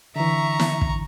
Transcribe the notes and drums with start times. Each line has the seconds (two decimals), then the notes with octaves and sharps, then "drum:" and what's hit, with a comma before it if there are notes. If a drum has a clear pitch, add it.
0.16 D3 E3 E5 A#5 C#6
0.59 drum: snare
0.81 drum: kick